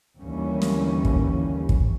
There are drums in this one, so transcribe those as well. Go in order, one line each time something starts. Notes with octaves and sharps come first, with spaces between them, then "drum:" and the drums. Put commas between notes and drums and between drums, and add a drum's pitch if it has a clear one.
D#2 D3 E3 G3 A#3 C#4
drum: snare
drum: kick
drum: kick